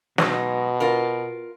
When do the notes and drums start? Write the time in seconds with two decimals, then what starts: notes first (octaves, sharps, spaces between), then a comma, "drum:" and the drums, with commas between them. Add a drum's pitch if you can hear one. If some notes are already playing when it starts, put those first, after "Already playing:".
0.18 B2 F#3 G#3 D#4, drum: snare
0.80 F4 A#4